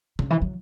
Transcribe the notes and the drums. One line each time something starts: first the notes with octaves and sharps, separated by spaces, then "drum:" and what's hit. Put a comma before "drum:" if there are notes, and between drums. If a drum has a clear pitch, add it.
C#3, drum: tom C3
E3
F#3